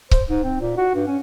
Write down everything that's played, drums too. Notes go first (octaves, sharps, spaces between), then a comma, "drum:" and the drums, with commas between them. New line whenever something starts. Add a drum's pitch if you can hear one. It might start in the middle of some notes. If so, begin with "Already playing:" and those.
C5, drum: kick C#1
G#2
C4
A#2
F#4
G2
C#4